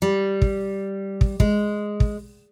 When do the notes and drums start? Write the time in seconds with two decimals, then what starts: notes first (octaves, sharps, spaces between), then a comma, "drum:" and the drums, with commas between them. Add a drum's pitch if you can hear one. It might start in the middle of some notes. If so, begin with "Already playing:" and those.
0.02 G3
0.42 drum: kick
1.21 drum: kick
1.40 G#3, drum: kick
2.00 drum: kick